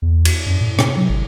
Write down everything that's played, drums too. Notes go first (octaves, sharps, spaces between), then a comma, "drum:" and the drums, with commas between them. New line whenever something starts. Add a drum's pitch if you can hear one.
E2
drum: cymbal
F#2
A2
C3, drum: rim click
F#3
G#1